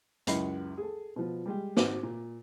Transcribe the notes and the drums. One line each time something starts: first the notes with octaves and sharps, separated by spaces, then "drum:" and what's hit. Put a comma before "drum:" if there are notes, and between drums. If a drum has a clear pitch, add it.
C#2 F#2 E4 D#5 B5, drum: hi-hat
G#4 A4
B2 F3
G3 G#3 G4
G#1 D#4 F#4 C5 D6, drum: snare
A#2